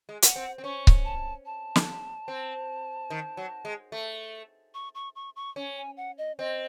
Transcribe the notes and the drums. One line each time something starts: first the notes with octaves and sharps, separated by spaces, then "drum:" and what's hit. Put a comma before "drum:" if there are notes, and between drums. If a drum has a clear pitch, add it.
G#3
F#5, drum: hi-hat
C4
C4
C#4 C#6
drum: kick C#1
A5
A5
drum: snare
C4
D#3
F#3
G#3
A3
C#6
C#6
C#6
C#6
C#4
G#5
F#5
D#5
C4 D#5